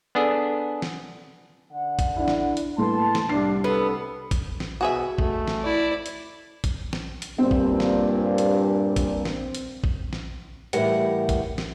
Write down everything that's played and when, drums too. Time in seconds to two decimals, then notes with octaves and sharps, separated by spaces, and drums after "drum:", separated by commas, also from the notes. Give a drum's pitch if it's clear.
0.15 B3 D4 G#4 A4
0.82 drum: snare
1.72 D3 F#5
1.99 drum: kick, hi-hat
2.16 D4 E4
2.28 drum: snare
2.57 drum: hi-hat
2.78 A2 A4 B4 A5 C6
3.15 drum: snare
3.29 C2 D4 C7
3.64 G3 A3 B3 C4 A4
4.31 drum: kick, hi-hat
4.60 drum: snare
4.81 B2 F#4 G#4 E5
5.18 A3, drum: kick
5.48 drum: snare
5.62 E4 D5
6.06 drum: hi-hat
6.64 drum: kick, hi-hat
6.93 drum: snare
7.22 drum: hi-hat
7.38 G2 A#2 C4
7.51 drum: kick
7.80 drum: snare
8.38 drum: hi-hat
8.96 drum: kick, hi-hat
9.25 drum: snare
9.55 drum: hi-hat
9.84 drum: kick
10.13 drum: snare
10.73 A2 E3 G3 G4 A#4 F#5, drum: hi-hat
11.29 drum: kick, hi-hat
11.58 drum: snare